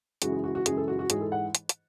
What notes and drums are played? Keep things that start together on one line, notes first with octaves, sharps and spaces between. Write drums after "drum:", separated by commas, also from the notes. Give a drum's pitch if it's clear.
F#2 C#3 E3 G#3 F#4, drum: hi-hat
G#4
F#4
F#4
F#2 C#3 E3 G#3 G#4, drum: hi-hat
A4
F#4
F#4
G#2 E3 G#3 G#4, drum: hi-hat
A4
F#5
drum: hi-hat
drum: hi-hat